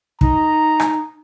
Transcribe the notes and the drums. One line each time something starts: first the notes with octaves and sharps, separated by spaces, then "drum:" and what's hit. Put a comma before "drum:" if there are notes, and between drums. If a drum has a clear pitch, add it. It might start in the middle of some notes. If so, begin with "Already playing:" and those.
D#4 A#5, drum: kick
drum: rim click